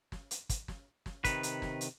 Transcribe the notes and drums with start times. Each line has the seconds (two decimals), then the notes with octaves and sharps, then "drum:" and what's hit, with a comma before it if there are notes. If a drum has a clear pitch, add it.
0.12 drum: snare
0.31 drum: hi-hat
0.49 drum: kick, hi-hat
0.68 drum: snare
1.06 drum: snare
1.24 C3 D#3 B4, drum: kick, hi-hat
1.43 drum: hi-hat
1.62 drum: snare
1.81 drum: hi-hat